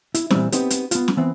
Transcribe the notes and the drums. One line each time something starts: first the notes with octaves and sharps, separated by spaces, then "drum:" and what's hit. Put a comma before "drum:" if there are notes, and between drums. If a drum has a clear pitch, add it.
E4, drum: hi-hat
A#2 E3 G3 C4, drum: snare
B3 C4 D#4 G4, drum: hi-hat
drum: hi-hat
B3 F4, drum: hi-hat
drum: snare
E3 B3 C4